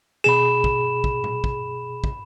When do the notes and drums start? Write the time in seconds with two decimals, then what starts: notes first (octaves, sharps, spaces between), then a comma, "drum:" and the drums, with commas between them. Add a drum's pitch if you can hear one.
0.24 B2 G#4 B5 E7
0.64 drum: kick
1.04 drum: kick
1.24 drum: tom A#2
1.44 drum: kick
2.04 drum: kick